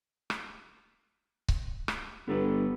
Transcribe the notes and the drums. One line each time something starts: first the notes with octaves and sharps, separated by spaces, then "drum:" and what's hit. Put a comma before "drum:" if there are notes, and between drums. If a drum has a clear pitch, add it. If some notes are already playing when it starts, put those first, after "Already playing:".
drum: rim click
drum: kick C#1
drum: rim click
G1 B3 A4 B4